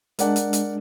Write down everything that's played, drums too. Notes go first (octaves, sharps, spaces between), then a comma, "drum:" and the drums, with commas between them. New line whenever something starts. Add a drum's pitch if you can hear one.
G#3 D4 A#4 D5 F#5, drum: hi-hat
drum: hi-hat
drum: hi-hat